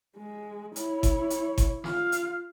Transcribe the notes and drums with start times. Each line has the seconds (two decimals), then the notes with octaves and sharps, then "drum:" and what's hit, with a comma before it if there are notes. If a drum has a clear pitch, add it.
0.17 G#3
0.76 E4 C#5, drum: hi-hat
1.03 drum: kick G1, hi-hat
1.30 drum: hi-hat
1.58 drum: kick G1, hi-hat
1.84 F4 F5, drum: snare
2.12 drum: hi-hat